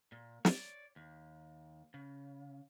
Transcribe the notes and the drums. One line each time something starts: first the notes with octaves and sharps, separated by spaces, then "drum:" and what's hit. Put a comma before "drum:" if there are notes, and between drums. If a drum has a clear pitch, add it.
A#2
C#5 D5, drum: snare
D#2
C#3